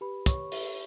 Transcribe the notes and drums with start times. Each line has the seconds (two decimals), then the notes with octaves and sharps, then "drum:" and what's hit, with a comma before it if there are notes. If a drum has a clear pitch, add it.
0.01 G4 B4 B5
0.26 C#5 C#6, drum: kick, hi-hat
0.52 G4 E5, drum: open hi-hat